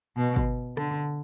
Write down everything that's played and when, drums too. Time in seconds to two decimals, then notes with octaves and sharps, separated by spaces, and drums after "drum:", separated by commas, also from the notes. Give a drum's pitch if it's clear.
0.17 B2
0.36 drum: kick G1
0.77 D3, drum: rim click